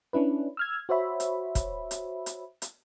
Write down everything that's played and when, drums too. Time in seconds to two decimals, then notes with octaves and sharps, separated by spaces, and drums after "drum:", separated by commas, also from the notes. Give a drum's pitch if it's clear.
0.13 C#4 D4 E4 B4
0.57 E6 F6 G#6
0.89 F#4 C5 C#5 E5 B5
1.20 drum: hi-hat
1.55 drum: kick, hi-hat
1.91 drum: hi-hat
2.26 drum: hi-hat
2.62 drum: hi-hat